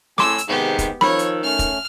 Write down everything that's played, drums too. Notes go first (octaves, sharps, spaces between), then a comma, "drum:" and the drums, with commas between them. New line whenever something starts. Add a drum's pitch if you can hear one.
A2 G#5 C6 D6 E6, drum: snare
drum: hi-hat
G#2 C3 D#3 G#3 B3 G4
drum: kick, hi-hat
D#3 F3 C#5 B5 E6, drum: snare
drum: hi-hat
A3 C#4 F6
drum: kick, hi-hat